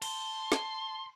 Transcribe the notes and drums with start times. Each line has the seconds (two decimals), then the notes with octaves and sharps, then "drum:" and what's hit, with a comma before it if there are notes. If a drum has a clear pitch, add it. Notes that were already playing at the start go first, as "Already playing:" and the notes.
0.02 A5 C6, drum: cymbal
0.52 drum: snare